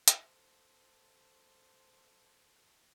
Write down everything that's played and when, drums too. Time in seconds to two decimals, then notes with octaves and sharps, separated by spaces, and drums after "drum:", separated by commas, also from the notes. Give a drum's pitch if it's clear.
0.08 drum: hi-hat
0.22 A4 C5